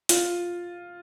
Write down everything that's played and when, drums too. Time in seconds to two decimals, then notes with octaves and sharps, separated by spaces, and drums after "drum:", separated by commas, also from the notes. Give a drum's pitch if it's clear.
0.09 F4, drum: hi-hat